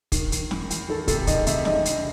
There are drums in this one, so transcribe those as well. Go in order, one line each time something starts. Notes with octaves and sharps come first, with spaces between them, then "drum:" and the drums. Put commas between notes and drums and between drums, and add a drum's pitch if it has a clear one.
D#3, drum: kick, hi-hat
D#3, drum: hi-hat
E2, drum: snare
E2, drum: hi-hat
D#3 A4
C3 A4, drum: kick, hi-hat
D#3 D#5, drum: kick, hi-hat
C3 E5, drum: hi-hat
E2 D#5, drum: snare
E1, drum: hi-hat